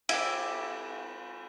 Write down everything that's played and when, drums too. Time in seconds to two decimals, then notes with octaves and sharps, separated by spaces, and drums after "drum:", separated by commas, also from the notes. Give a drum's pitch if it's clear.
0.09 E4 G4, drum: cymbal